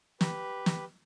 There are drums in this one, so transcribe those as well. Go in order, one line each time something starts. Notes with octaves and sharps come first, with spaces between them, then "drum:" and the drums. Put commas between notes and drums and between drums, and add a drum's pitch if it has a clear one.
G4 B4, drum: snare
drum: snare